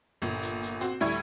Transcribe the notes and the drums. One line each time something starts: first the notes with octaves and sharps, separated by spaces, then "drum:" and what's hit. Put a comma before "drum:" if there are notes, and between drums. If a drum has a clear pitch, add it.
G1 A#2, drum: snare
drum: hi-hat
drum: hi-hat
C4 F#4, drum: hi-hat
D2 A2 G3 E4 C#6 G#6